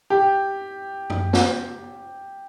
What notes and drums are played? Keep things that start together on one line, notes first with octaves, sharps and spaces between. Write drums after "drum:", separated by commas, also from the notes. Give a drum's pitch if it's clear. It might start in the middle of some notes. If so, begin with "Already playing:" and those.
G4
drum: tom F#2
drum: snare